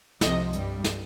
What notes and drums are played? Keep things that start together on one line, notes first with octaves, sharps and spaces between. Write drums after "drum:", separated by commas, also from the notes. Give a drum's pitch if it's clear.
C2 C3 F3 D#5, drum: snare
G2 G3, drum: hi-hat
drum: snare